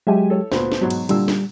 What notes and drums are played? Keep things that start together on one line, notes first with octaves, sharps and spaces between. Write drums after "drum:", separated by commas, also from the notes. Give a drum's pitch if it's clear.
F#3 G#3 G4 E5 G#5
A4 C#5
D2 A#2 B3 C5, drum: snare
drum: snare
G#2 B2 F#3
drum: cymbal
A#2 D3 G3 E6, drum: cymbal
drum: snare